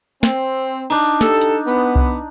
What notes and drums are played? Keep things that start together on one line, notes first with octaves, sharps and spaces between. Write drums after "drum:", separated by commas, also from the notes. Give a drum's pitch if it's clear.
C4, drum: snare
D4 D#4, drum: cymbal
G4 A4, drum: snare
drum: hi-hat
B3
drum: kick C2